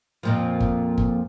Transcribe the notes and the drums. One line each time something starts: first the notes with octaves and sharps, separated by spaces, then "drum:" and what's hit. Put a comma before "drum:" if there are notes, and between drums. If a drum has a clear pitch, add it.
F2 A#2 F3
drum: kick G1
drum: kick G1